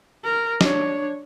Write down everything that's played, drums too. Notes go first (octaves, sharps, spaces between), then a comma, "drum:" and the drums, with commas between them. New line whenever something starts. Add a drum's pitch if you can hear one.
A#4
D4 C#5, drum: snare